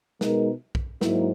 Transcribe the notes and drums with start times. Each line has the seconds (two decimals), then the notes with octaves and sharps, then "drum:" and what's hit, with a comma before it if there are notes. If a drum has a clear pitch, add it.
0.21 B2 G#3 D#4 A#4, drum: snare
0.75 drum: kick
1.01 G#2 F#3 A#3 E4, drum: snare